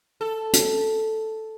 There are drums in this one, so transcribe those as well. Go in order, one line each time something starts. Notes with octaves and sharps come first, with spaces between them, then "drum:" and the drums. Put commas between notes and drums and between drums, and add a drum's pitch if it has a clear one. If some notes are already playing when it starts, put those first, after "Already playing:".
A4
drum: hi-hat